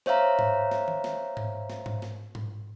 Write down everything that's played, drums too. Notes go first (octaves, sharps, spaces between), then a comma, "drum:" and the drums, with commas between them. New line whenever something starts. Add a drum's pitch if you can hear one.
C5 C#5 E5 F5 A#5, drum: snare
drum: tom G#2
drum: snare
drum: tom D#3
drum: snare
drum: tom G#2
drum: snare
drum: tom G#2
drum: snare
drum: tom G#2